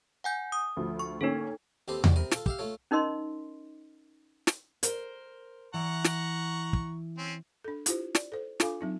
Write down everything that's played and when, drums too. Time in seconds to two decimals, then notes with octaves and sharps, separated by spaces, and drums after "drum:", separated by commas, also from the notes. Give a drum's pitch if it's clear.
0.24 F#5 G#5 G6
0.52 D#6
0.77 D2 F3
0.99 C#6
1.21 D3 A#3 C#4 D#4 A4
1.88 D#2 C4 G4 A4 B4 C6
2.04 C2 G3 F#4 D5, drum: tom E2
2.16 C3 A#4 B5 D#6
2.31 F4 A4, drum: snare
2.46 G4 E5 F5, drum: kick
2.59 A3 F4 A4 C#5
2.91 C#4 D#4 A#4 D#5 C6
4.47 drum: snare
4.83 A#4 C5, drum: hi-hat
5.74 E3 F#5 A#5 C#6
6.04 drum: snare
6.73 drum: kick
7.18 C4 C#4
7.64 D4 A4
7.86 E4 F4 G4 C5, drum: hi-hat
8.15 D5, drum: snare
8.32 A4 C5
8.60 D4 F4 A4 F5 G#5 D6, drum: snare
8.81 F#3 C4 D#4